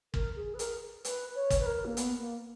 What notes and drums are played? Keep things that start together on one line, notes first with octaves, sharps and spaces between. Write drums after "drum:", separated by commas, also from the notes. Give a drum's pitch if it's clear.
A#4, drum: kick
G#4
B4
A#4, drum: hi-hat
B4, drum: hi-hat
C#5
drum: kick, hi-hat
B4
A#4
A#3
B3, drum: hi-hat
A#3